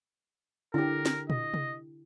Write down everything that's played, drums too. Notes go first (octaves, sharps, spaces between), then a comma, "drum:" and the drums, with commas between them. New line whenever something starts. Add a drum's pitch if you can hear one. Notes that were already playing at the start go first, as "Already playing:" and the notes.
D3 E4 G4 A#4
drum: snare
D#5, drum: tom A#2
drum: tom C3